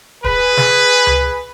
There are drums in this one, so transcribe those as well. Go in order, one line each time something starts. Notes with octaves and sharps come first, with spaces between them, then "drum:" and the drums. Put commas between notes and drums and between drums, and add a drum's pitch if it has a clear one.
G#4 B4, drum: kick
drum: snare
drum: tom C#2